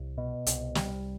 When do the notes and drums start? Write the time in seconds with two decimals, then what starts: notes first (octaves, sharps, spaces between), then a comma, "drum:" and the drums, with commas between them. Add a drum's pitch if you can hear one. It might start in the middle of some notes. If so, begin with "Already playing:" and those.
Already playing: C2
0.18 B2
0.46 C2, drum: hi-hat
0.75 G3, drum: snare